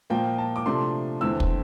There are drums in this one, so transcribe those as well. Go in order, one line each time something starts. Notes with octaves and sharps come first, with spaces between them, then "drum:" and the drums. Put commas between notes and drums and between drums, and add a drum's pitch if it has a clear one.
A#2 F3 A#3 G5
A5
D6
C3 F3 A3 D4 C6
E2 D3 A3 C4 E4 E6
drum: kick